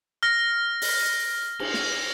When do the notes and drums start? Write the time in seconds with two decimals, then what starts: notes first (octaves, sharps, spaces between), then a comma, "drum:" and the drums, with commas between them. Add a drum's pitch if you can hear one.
0.23 F6 A#6
0.82 drum: open hi-hat
1.59 drum: cymbal
1.74 drum: snare